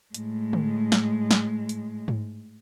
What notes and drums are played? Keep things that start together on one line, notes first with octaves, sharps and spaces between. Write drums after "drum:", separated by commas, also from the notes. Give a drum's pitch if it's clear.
A2 G#3, drum: hi-hat
drum: tom D3
drum: snare
drum: snare
drum: hi-hat
drum: tom G#2